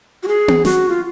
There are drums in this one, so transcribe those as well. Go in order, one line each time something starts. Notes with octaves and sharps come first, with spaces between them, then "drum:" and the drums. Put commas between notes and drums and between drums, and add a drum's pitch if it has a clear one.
F#4
G#4
drum: tom B3
F#4, drum: snare
F4